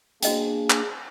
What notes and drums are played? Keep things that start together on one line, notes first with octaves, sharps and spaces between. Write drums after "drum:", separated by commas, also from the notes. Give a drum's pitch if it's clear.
A#3 D4 F#4 G#4 D#5 G5, drum: hi-hat
drum: clap